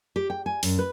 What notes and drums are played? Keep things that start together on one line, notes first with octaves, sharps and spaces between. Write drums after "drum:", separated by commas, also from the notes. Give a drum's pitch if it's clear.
G4
G5
G#5
F#2, drum: open hi-hat
B4